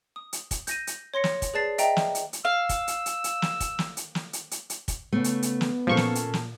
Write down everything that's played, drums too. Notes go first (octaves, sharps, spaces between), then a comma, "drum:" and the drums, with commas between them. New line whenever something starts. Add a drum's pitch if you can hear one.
D#6
drum: hi-hat
drum: kick, hi-hat
G6 A#6 D#7, drum: hi-hat
drum: hi-hat
C#5 C6 A#6 C#7
drum: snare
drum: kick, hi-hat
G#4 B4 D5 A5 A6 C7
D#5 E5 G5 A#5, drum: hi-hat
drum: snare
drum: hi-hat
drum: hi-hat
F5 E6
drum: kick, hi-hat
drum: hi-hat
drum: hi-hat
drum: hi-hat
drum: snare
drum: kick, hi-hat
drum: snare
drum: hi-hat
drum: snare
drum: hi-hat
drum: hi-hat
drum: hi-hat
drum: kick, hi-hat
C#3 A3 B3
drum: hi-hat
drum: hi-hat
drum: snare
A#2 F3 A#3 C#4 A4 C#6
drum: snare
drum: hi-hat
drum: snare